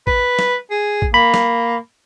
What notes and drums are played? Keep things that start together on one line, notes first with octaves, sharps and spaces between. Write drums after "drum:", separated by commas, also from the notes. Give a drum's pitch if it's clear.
B4, drum: kick
drum: snare
G#4
drum: kick
A#3 B5
drum: snare